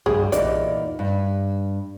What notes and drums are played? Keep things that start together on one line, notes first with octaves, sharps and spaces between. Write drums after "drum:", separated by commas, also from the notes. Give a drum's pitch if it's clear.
G2 G4 G#4, drum: tom B1
E2 A#2 D#4 D5, drum: hi-hat
G2